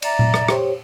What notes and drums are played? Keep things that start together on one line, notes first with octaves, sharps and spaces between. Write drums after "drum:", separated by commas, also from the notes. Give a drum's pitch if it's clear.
D5 E5 A#5, drum: cymbal
drum: tom A#2
drum: rim click
G4 C5 C#5, drum: rim click